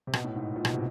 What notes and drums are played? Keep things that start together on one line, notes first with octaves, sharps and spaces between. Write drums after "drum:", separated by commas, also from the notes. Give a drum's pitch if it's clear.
C3
B2, drum: rim click
A2
G#2
A#2
B2, drum: rim click
C3